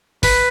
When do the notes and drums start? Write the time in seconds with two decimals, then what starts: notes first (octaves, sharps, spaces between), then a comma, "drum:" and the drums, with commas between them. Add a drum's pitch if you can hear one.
0.23 B4, drum: kick, open hi-hat